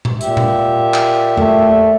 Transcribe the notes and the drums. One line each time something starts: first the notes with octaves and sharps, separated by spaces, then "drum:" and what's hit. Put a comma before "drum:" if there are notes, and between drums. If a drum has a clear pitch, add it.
drum: tom A#2
A#2 G4 E5, drum: hi-hat
drum: tom A#2
drum: clap
A3, drum: tom E2